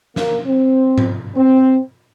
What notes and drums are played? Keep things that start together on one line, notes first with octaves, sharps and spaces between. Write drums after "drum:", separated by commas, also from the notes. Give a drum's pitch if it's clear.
A#3, drum: snare
C4
drum: tom G#2
C4